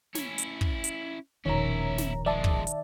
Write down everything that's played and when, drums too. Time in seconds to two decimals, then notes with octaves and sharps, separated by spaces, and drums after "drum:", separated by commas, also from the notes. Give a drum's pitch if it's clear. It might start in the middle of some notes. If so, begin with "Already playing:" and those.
0.15 C#4 E4, drum: snare
0.38 drum: hi-hat
0.61 drum: kick
0.84 drum: hi-hat
1.46 E1 A#1 D#3 C#4 E4 C#5 A#5
1.98 drum: snare
2.26 F3 G#3 D5 E5 A5
2.44 drum: kick
2.67 drum: hi-hat